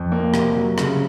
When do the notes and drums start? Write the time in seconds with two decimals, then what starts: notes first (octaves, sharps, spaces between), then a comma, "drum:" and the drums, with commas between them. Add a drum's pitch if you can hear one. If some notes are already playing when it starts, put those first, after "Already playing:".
Already playing: F2
0.12 A#3
0.34 C3, drum: rim click
0.56 F#3
0.78 C#3, drum: rim click